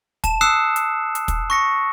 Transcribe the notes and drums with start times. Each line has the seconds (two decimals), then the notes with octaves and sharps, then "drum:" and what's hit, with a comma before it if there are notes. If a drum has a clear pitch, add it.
0.24 A5 E7, drum: kick, hi-hat
0.41 D#6 E6 F#6 C7 C#7 E7
0.76 drum: hi-hat
1.15 drum: hi-hat
1.28 drum: kick, hi-hat
1.50 C#6 A#6 C#7